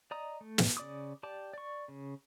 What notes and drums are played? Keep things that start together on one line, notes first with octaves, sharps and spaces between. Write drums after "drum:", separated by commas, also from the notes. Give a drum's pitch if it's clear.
D5 D#5 A#5 D#6
A3
drum: snare
C#3 D5 D6 D#6
G4 D5 A5 D6
D5 C#6
C#3